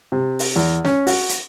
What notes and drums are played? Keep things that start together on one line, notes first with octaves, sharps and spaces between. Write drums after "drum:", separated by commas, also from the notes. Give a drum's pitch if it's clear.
C3
drum: open hi-hat
E2
C#4, drum: snare
F#4, drum: open hi-hat
drum: hi-hat